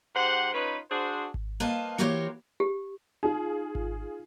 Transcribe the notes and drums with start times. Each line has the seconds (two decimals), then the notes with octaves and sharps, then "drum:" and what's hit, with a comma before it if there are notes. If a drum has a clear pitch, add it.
0.14 G#2 G4 C5 F#5
0.54 C#4 D#4 F4 B4
0.90 D4 F#4 G#4 C5
1.34 drum: kick G#1
1.60 A#3 B4 C5 D#5 F5 A5
1.98 E3 A#3 F#4 G4 C5 C#5
2.60 G4
3.23 D#4 F4 G#4
3.75 drum: kick G#1